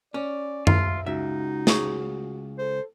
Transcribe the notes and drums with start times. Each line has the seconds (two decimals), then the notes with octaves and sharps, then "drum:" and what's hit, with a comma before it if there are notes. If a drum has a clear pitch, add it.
0.14 C#4 D5
0.67 F4 E5, drum: tom F#2
1.06 C#2 D#4 F#4 E5
1.67 G#4 C#5, drum: snare
2.58 A4 C5